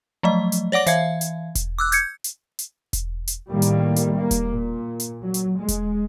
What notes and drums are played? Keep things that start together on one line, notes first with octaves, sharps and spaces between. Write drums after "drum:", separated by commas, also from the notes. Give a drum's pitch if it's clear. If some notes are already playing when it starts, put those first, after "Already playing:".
F3 F#3 A3 D#5
drum: hi-hat
C#5 D5 F#5 D6 A#6
E3 E5 F5 G#6, drum: hi-hat
drum: hi-hat
drum: kick E1, hi-hat
D6 E6 F#6
G6 G#6 C#7, drum: hi-hat
drum: hi-hat
drum: hi-hat
drum: kick E1, hi-hat
drum: hi-hat
A2 D#3 G3 A#3
drum: hi-hat
drum: hi-hat
A#3
drum: kick E1, hi-hat
A#2
drum: hi-hat
F#3
drum: hi-hat
G#3
drum: kick E1, hi-hat